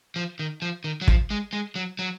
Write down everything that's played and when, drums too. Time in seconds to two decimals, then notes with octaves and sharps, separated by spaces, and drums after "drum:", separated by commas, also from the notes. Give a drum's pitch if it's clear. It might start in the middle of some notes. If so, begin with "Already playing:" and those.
0.16 F3
0.39 D#3
0.62 F3
0.84 D#3
1.01 F#3
1.08 F3, drum: kick
1.30 G#3
1.53 G#3
1.75 F#3
1.99 F#3